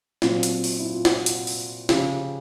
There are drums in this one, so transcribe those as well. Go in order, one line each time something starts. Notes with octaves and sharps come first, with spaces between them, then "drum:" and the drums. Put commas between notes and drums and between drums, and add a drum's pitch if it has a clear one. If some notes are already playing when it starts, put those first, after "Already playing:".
A#2 F#3 C4, drum: snare
drum: hi-hat
drum: open hi-hat
E4
F4
F#4, drum: snare
drum: hi-hat
drum: open hi-hat
C#3 F3 G4, drum: snare